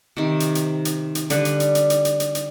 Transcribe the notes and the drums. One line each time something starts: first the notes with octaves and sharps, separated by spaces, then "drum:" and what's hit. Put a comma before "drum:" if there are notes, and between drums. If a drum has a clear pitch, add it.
C3 D#3
drum: hi-hat
drum: hi-hat
drum: hi-hat
drum: hi-hat
D3 G3 B4, drum: hi-hat
drum: hi-hat
drum: hi-hat
drum: hi-hat
drum: hi-hat
drum: hi-hat
drum: hi-hat
drum: hi-hat